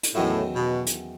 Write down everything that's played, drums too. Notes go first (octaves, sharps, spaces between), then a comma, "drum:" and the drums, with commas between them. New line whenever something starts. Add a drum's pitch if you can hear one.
drum: hi-hat
E2 A2 D#3 F#3 C#4 E4
B2
drum: hi-hat